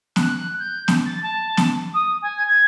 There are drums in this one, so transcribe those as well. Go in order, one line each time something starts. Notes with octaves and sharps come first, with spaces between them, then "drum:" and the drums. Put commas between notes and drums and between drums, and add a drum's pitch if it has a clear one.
F#6, drum: snare B3
G6
drum: snare B3
A6
A5
drum: snare B3
D#6
G#5
G#6